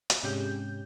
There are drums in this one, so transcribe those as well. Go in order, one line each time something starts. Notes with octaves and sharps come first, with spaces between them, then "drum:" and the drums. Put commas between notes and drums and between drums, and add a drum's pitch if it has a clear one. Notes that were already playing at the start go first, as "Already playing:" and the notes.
drum: hi-hat
G#2 C3 G#3 C#4 G4 G6